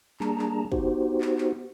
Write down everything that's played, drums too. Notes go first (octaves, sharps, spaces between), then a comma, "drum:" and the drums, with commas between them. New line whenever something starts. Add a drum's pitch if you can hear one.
G3 A#3 D4 G#4 A5 A#5, drum: clap
drum: clap
B3 D#4 F#4 G4 C5, drum: kick
drum: clap
drum: clap